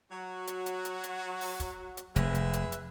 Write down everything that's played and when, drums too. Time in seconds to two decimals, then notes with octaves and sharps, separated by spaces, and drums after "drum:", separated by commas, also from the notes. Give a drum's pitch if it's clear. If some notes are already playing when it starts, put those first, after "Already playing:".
0.11 F#3 F#4
0.47 drum: hi-hat
0.66 drum: hi-hat
0.85 drum: hi-hat
1.04 drum: hi-hat
1.41 drum: open hi-hat
1.60 drum: kick, hi-hat
1.97 drum: hi-hat
2.16 F1 G#3 B4 E5, drum: hi-hat
2.35 drum: hi-hat
2.53 drum: hi-hat
2.72 drum: hi-hat